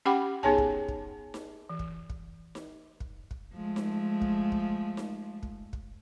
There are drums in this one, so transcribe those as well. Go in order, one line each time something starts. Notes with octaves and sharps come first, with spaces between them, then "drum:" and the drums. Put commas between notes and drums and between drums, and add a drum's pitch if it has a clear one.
C#4 G4 F#5 G5 B5 D6
B3 D#4 G#4 C#5 G#5 A5, drum: tom B1
drum: kick
drum: kick
drum: snare D#4
E3
drum: kick
drum: kick
drum: snare D#4
drum: kick
drum: kick
F3 G#3 A3
drum: snare D#4
drum: kick
drum: kick
drum: snare D#4
drum: kick
drum: kick